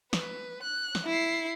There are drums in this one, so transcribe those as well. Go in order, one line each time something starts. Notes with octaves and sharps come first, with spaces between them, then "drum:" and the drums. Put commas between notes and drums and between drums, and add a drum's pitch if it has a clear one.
B4, drum: snare
F#6
drum: snare
E4 C7